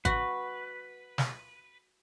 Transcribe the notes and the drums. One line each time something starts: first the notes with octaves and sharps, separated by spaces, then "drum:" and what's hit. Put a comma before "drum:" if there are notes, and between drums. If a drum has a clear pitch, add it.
F#4 B4, drum: kick G#1
drum: snare